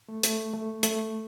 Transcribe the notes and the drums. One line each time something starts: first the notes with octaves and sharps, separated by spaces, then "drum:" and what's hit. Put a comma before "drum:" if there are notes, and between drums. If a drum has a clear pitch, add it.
A3
A3, drum: hi-hat
A3
A3, drum: hi-hat